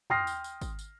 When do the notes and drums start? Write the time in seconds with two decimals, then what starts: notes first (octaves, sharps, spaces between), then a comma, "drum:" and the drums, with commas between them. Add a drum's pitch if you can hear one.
0.10 G5 C6 D#6 F6 A#6 C7, drum: tom
0.27 drum: tambourine
0.44 drum: tambourine
0.62 drum: kick G#1, tambourine
0.79 drum: tambourine